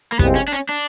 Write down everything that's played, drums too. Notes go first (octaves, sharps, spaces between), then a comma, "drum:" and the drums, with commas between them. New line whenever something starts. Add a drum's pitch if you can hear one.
A#3
C2 C3 F3 G#3 B3 C4, drum: kick
C#4
D4
C#4
D4